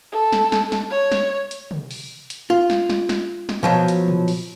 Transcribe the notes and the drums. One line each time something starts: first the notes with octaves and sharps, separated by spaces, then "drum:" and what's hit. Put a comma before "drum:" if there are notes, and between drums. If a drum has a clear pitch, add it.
A4
drum: snare
drum: snare
drum: snare
C#5
drum: snare
drum: hi-hat
drum: tom
drum: open hi-hat
drum: hi-hat
F4
drum: snare
drum: snare
drum: snare
drum: snare
B2 F3 F#3
drum: hi-hat
drum: tom
drum: open hi-hat